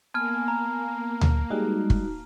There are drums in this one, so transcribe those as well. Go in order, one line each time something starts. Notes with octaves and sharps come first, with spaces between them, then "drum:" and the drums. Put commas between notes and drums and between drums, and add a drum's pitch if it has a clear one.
A#3 B3 G#5 A5 F6
A#5
drum: tom D2
G3 G#3 D#4 F#4
drum: kick